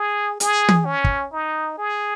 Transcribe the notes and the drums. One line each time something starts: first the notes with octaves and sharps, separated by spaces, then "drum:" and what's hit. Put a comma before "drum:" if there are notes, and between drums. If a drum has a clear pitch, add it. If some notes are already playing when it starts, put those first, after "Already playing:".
Already playing: G#4
G#4, drum: hi-hat
drum: tom
C#4
drum: kick
D#4
G#4